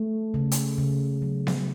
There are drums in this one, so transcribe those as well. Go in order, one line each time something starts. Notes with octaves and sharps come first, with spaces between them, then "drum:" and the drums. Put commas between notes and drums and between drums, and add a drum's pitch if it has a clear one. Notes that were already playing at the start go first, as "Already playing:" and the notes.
Already playing: A3
C#3
drum: hi-hat
C#3
F#3
drum: snare B3